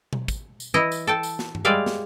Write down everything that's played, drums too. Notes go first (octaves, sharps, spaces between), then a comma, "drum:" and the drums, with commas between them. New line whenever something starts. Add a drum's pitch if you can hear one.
drum: tom B2
drum: kick, tambourine
drum: tambourine
E3 E4 D#5
drum: tambourine
A4 G5 A5
drum: tambourine
drum: snare
drum: tom G2
G3 G#3 D5 E5 F5
drum: snare